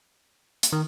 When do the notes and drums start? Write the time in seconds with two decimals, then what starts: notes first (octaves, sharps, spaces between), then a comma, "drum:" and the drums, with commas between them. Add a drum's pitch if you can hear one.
0.63 drum: hi-hat
0.73 D#3